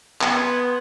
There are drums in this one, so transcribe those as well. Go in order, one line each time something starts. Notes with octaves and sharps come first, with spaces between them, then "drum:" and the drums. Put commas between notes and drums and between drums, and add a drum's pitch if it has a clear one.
B3 C6 D#6 G#6, drum: clap